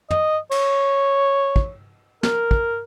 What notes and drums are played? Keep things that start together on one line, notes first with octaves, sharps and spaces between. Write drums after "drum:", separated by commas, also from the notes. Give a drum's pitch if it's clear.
D#5, drum: tom
C#5, drum: cymbal
drum: kick
A#4, drum: snare
drum: kick